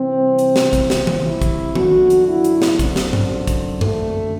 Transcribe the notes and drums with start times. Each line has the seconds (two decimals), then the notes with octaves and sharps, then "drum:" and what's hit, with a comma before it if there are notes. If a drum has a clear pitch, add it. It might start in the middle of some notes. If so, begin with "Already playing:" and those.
Already playing: C2 C3 E3 C4
0.39 drum: hi-hat
0.56 drum: snare
0.73 drum: kick, hi-hat
0.90 drum: snare
1.07 drum: tom D#3
1.24 E4
1.42 drum: kick, hi-hat
1.75 F#2 D3 F#4, drum: tom D#3
2.10 drum: hi-hat
2.28 E4
2.44 drum: hi-hat
2.62 drum: snare
2.79 C4, drum: kick, hi-hat
2.96 drum: snare
3.13 drum: tom G2
3.47 drum: kick, hi-hat
3.81 D2 D3 A3, drum: tom F#2